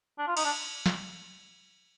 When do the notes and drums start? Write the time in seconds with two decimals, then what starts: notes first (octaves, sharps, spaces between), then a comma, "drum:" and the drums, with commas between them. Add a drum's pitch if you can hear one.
0.19 D4
0.28 F4
0.37 D#4, drum: cymbal
0.45 D4
0.86 drum: snare